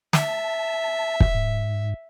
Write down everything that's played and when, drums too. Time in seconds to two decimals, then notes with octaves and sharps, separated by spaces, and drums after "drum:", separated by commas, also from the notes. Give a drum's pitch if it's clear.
0.13 E5 A5, drum: snare
1.20 drum: kick
1.35 G#2